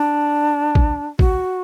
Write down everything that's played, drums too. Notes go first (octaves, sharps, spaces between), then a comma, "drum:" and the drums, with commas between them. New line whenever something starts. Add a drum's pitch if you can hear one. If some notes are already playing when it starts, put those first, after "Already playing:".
Already playing: D4
drum: kick
F#4, drum: kick